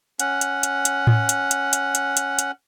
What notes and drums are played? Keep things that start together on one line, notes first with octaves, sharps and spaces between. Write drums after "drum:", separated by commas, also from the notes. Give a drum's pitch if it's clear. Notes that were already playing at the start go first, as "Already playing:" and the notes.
C#4 F#5, drum: hi-hat
drum: hi-hat
drum: hi-hat
drum: hi-hat
drum: tom A2
drum: hi-hat
drum: hi-hat
drum: hi-hat
drum: hi-hat
drum: hi-hat
drum: hi-hat